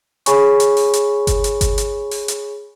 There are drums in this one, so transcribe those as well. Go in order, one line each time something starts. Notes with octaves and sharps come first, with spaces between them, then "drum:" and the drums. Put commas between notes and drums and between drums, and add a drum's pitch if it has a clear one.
G#4 C#5 G#5 B5 C#6, drum: hi-hat
drum: hi-hat
drum: open hi-hat
drum: hi-hat
drum: kick G1, hi-hat
drum: hi-hat
drum: kick G1, hi-hat
drum: hi-hat
drum: open hi-hat
drum: hi-hat